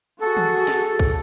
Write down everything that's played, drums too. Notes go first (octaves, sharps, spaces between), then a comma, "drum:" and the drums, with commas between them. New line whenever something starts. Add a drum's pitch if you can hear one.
F#4 G#4 A4
drum: tom
drum: snare
drum: kick